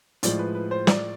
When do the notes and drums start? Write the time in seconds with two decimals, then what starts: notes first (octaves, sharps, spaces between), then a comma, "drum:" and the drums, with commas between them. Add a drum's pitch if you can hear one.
0.23 A2 F3 G#3 D5, drum: hi-hat
0.39 B4
0.55 B4
0.71 C5
0.87 D5, drum: snare